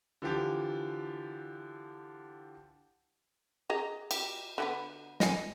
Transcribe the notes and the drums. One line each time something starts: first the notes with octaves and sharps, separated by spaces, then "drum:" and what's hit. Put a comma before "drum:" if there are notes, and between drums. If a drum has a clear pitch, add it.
D3 E3 F3 G4
G#4 D#5 A#5
G4, drum: cymbal
D3 G#3 B3
D#5 G#5, drum: snare